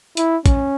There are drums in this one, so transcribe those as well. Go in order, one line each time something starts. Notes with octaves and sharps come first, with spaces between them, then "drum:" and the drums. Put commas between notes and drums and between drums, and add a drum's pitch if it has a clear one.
E4, drum: hi-hat
C#4, drum: kick, hi-hat